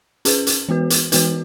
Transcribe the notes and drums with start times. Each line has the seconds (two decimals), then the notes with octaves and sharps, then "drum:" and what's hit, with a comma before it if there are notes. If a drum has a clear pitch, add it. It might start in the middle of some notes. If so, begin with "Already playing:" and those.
0.25 C#4 G#4 B4, drum: hi-hat
0.47 drum: hi-hat
0.69 E3 B3 F#4 B4
0.90 drum: hi-hat
1.12 E3 B3 F#4 B4, drum: hi-hat